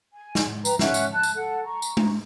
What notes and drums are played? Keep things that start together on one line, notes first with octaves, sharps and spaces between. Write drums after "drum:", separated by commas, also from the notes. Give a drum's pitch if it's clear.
G#5
drum: snare
B4 G5 A#5, drum: tambourine
C#4 E5 F#5 F#6, drum: snare
drum: tambourine
A5 F#6
drum: tambourine
A4 F#5
A#5 C#6
drum: tambourine
drum: tom G#3